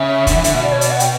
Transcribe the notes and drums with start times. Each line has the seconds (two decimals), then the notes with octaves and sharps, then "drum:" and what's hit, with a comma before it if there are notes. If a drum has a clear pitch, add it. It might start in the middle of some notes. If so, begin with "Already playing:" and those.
Already playing: C#3 E5
0.27 D3, drum: kick, hi-hat
0.36 E3
0.44 D3, drum: hi-hat
0.54 B2
0.63 D5
0.72 C#5
0.81 D5, drum: hi-hat
0.90 F#5
1.00 G5, drum: hi-hat